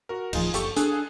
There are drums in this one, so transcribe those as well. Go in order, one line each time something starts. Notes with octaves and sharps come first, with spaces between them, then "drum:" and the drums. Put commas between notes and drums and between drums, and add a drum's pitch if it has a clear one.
F#4 A#4
D1 F3 D#4 F4 G#4, drum: cymbal
F#1 G4 A4 C#6, drum: hi-hat
D4 G#4 A4 F#6, drum: hi-hat